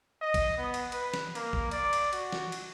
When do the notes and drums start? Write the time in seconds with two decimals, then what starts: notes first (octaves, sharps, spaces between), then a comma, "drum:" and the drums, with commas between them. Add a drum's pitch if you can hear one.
0.21 D#5
0.34 drum: kick A#1, cymbal
0.58 B3
0.74 drum: cymbal
0.92 B4, drum: cymbal
1.14 drum: snare
1.35 A#3, drum: cymbal
1.53 drum: kick A#1
1.71 D5, drum: cymbal
1.93 drum: cymbal
2.13 F#4, drum: cymbal
2.32 drum: snare
2.52 drum: cymbal